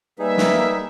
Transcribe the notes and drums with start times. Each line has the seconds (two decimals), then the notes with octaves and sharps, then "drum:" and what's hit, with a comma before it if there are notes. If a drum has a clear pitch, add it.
0.19 G3 A#3 D#4 G#4 B4 E5
0.38 drum: snare